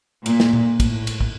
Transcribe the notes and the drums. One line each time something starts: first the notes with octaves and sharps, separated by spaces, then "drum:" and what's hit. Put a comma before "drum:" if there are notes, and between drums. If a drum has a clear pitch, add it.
A#2, drum: cymbal
drum: snare
drum: tom A#2
A2, drum: kick, cymbal
drum: cymbal
drum: kick